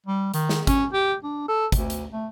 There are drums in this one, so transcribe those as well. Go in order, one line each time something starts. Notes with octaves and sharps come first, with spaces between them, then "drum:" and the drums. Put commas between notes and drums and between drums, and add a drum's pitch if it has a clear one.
G3
D#3, drum: hi-hat
drum: snare
C#4, drum: kick, hi-hat
G4
D4
A4
D2, drum: kick, hi-hat
drum: hi-hat
A3